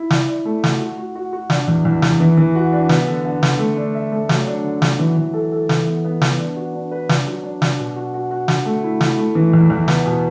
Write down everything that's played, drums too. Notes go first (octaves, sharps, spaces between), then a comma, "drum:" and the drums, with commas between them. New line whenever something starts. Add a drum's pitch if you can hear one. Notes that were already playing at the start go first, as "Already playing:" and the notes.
Already playing: E4
D5, drum: snare
D5
A3
F#4, drum: snare
F#4
F#4
F#4
F#4
D4, drum: snare
E2
E2
E2, drum: snare
E3
E3
F#4
D4
B3, drum: snare
D3
D3
D3, drum: snare
A3
D4
E5
A3
F#3, drum: snare
D4
D3
F#3, drum: snare
E3
E3
A4
A4
E3, drum: snare
B3
B3
B3, drum: snare
D4
F#4
D4
B4
D4, drum: snare
F#3
D4
D4, drum: snare
B2
F#4
F#4
F#4
D3, drum: snare
A3
E4
E4, drum: snare
A3
E3
E2
E2
B3, drum: snare
B2